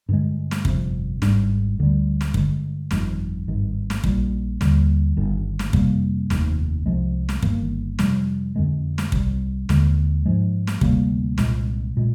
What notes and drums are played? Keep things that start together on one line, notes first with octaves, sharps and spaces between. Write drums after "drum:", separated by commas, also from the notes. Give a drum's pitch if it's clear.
G2 D3 G#3
drum: snare
G1 F2 C3, drum: kick
G#1 G#2 G3 D4, drum: snare
D2 D3 G3
drum: snare
G2 D3 G#3, drum: kick
G1 F2 D#3, drum: snare
G#1 G2 D#3
drum: snare
A#1 A#2 G3, drum: kick
D#2 D3 G3, drum: snare
G1 G2 D#3
drum: snare
F2 C3 G3 A#3, drum: kick
F1 D#2 D#3, drum: snare
C2 C3 F3 G#3
drum: snare
G1 G2 D#3 A#3, drum: kick
F2 C3 G3, drum: snare
F2 D3 G#3
drum: snare
C2 C3 G3, drum: kick
D#2 D3 G#3, drum: snare
G#2 F3 G#3
drum: snare
D2 C3 G3 A#3, drum: kick
C2 A#2 G#3, drum: snare
A#2 G#3